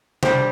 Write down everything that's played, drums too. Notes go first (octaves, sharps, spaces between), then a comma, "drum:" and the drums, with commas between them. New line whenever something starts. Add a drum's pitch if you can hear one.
G3 D4 G4 C5, drum: tom C3